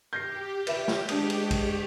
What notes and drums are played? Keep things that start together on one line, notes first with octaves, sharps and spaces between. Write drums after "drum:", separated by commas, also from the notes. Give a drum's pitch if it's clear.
G4 G6 A#6 C7
B4 E5 E7, drum: cymbal
drum: snare
G#3 D4 D#6, drum: cymbal
drum: cymbal
drum: kick A1, cymbal